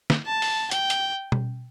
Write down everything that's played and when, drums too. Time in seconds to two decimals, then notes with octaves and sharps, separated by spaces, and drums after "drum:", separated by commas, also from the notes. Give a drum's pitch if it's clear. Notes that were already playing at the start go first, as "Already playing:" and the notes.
0.10 drum: snare
0.26 A5
0.42 drum: open hi-hat
0.71 G5, drum: hi-hat
0.90 drum: hi-hat
1.32 drum: tom B2